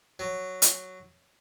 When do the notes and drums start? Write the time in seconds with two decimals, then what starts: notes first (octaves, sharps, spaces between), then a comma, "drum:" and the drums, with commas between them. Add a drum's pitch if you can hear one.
0.19 F#3
0.62 drum: hi-hat